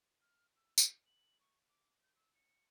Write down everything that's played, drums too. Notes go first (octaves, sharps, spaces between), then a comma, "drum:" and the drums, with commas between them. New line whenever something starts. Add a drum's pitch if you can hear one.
F6
E6
G6, drum: tambourine
F#7
C#6
D6
G6
E6
C#7